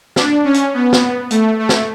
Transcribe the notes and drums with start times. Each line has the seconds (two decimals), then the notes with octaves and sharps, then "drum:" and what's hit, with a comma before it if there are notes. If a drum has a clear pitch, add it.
0.16 D4, drum: snare
0.44 C#4
0.54 drum: hi-hat
0.74 B3
0.93 drum: snare
1.31 A3, drum: hi-hat
1.59 A3
1.69 drum: snare